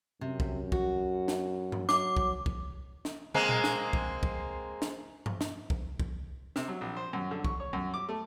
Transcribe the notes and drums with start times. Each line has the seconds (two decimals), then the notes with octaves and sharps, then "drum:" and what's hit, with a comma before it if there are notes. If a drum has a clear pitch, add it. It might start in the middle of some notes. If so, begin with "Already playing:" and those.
0.21 F#2 C3
0.40 drum: kick
0.72 F#4, drum: kick
1.28 drum: snare
1.72 drum: tom G2
1.89 F#3 D6, drum: snare
2.17 drum: kick
2.46 drum: kick
3.05 drum: snare
3.34 G#3 A#3 C4
3.49 drum: tom A#2
3.64 drum: snare
3.93 drum: kick
4.23 drum: kick
4.82 drum: snare
5.26 drum: tom G2
5.41 drum: snare
5.70 drum: kick
6.00 drum: kick
6.56 C3, drum: snare
6.68 F#3
6.81 A#1
6.97 C5
7.13 F#2
7.31 D3
7.45 C#6, drum: kick
7.60 C#5
7.73 F#2
7.94 D6
8.09 A3